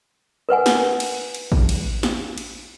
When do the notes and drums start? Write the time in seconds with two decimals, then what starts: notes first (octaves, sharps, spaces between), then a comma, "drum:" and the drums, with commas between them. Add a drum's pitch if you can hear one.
0.49 A#4 B4 F#5 G#5
0.66 drum: snare
1.00 drum: cymbal
1.35 drum: cymbal
1.52 drum: kick A1
1.69 drum: cymbal
2.03 drum: snare
2.38 drum: cymbal